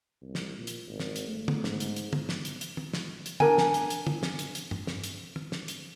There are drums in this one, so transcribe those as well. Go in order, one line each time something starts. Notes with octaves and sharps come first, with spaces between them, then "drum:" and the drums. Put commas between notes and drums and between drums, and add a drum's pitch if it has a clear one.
C2
drum: snare
A#2
drum: hi-hat
G#1
drum: snare
drum: hi-hat
A3
drum: tom
G#2, drum: snare
drum: hi-hat
drum: hi-hat
drum: tom
drum: snare
drum: hi-hat
drum: hi-hat
drum: tom
drum: snare
drum: hi-hat
D4 A#4 G#5, drum: tom
drum: snare
drum: hi-hat
drum: hi-hat
drum: tom
drum: snare
drum: hi-hat
drum: hi-hat
drum: tom G2
drum: snare
drum: hi-hat
drum: tom
drum: snare
drum: hi-hat